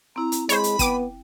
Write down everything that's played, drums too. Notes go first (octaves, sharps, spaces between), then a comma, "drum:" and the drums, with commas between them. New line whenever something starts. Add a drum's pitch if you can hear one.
C4 E4 A#5
drum: hi-hat
G#3 C5 C#5 B5, drum: hi-hat
drum: hi-hat
B3 G5 D6 D#7, drum: kick, hi-hat